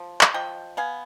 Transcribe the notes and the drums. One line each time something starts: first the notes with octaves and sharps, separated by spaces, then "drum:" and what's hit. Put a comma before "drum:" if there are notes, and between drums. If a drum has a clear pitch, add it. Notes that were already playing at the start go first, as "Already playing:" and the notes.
Already playing: F3
drum: clap
F3 D#5 G5
B3 F5 G#5